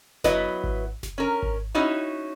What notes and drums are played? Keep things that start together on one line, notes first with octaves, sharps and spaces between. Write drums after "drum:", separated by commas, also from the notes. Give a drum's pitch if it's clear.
F#3 B3 E4 B4 D#5 E5, drum: snare F#1
drum: kick G#1
drum: snare F#1
C#4 A#4
drum: kick G#1
C#4 D#4 E4 F#4 C#5